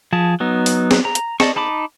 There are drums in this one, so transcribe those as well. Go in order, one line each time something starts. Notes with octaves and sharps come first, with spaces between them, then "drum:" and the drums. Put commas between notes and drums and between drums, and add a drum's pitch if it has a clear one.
F3 G#4 A5
F#3 B3 D#4
drum: open hi-hat
drum: snare
A#5
drum: hi-hat
D5 D#5 A5 C#6, drum: snare
D#4 A5 B5 D6